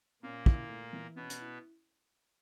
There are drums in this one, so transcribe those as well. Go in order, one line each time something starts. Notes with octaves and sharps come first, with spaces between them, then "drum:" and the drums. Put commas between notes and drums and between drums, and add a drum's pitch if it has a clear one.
A#2 A#3 C#4
E4, drum: kick
A3
E3
B2 B3 C#4
drum: hi-hat
E4